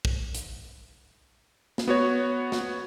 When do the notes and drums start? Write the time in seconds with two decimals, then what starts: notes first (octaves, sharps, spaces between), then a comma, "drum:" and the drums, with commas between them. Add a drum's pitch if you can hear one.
0.05 drum: kick
0.35 drum: hi-hat
1.78 drum: snare
1.88 B3 F#4 C#5
2.52 drum: snare